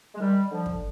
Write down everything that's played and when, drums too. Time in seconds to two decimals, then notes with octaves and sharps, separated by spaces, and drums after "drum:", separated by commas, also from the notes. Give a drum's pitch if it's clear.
0.14 G#3
0.19 D#3 G3
0.50 D3 F3
0.66 drum: kick